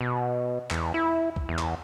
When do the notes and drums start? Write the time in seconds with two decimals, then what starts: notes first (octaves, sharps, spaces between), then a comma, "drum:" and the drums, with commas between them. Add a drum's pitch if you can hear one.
0.01 B2
0.71 E2, drum: clap
0.94 E4
1.36 drum: kick B1
1.49 E2
1.59 drum: clap